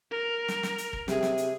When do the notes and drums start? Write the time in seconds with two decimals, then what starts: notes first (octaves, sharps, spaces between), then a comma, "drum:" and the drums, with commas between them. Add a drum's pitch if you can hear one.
0.11 A#4
0.48 drum: snare
0.63 drum: snare
0.78 drum: hi-hat
0.93 drum: kick
1.08 C3 G#4, drum: snare
1.23 drum: snare
1.38 drum: hi-hat